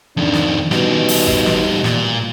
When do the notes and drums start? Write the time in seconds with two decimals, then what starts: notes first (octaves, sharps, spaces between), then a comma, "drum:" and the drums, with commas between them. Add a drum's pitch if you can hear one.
0.17 F2 D#3 D4
0.34 drum: snare
0.71 B2 G3 D#4, drum: snare
1.09 drum: open hi-hat
1.27 drum: kick G#1
1.46 drum: snare
1.84 A#2, drum: snare